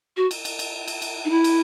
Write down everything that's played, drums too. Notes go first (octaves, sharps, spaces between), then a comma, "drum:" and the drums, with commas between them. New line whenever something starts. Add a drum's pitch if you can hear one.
F#4
drum: cymbal
drum: cymbal
drum: cymbal
drum: cymbal
drum: cymbal
D#4
E4
drum: cymbal